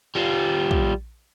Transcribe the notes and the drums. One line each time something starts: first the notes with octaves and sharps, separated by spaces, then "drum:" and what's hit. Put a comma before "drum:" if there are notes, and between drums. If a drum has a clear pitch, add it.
G3 F4
drum: kick